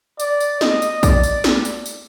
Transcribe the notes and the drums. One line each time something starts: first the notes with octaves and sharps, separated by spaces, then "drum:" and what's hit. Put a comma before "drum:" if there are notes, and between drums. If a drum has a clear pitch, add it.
D5, drum: tambourine
drum: tambourine
D#5, drum: snare
drum: tambourine
D5, drum: kick A#1, tambourine
drum: tambourine
drum: snare
drum: tambourine
drum: tambourine